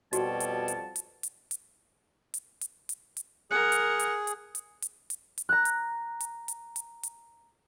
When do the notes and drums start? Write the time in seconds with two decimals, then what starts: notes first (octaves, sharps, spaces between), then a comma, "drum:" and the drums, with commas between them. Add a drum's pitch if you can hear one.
0.13 F2 B2 G3 F#4 C#5 A5, drum: hi-hat
0.40 drum: hi-hat
0.68 drum: hi-hat
0.96 drum: hi-hat
1.23 drum: hi-hat
1.51 drum: hi-hat
2.34 drum: hi-hat
2.61 drum: hi-hat
2.89 drum: hi-hat
3.17 drum: hi-hat
3.51 G#4 A#4 F#5
3.72 drum: hi-hat
3.99 drum: hi-hat
4.27 drum: hi-hat
4.55 drum: hi-hat
4.82 drum: hi-hat
5.10 drum: hi-hat
5.38 drum: hi-hat
5.49 A#5 F#6
5.65 drum: hi-hat
6.20 drum: hi-hat
6.48 drum: hi-hat
6.76 drum: hi-hat
7.03 drum: hi-hat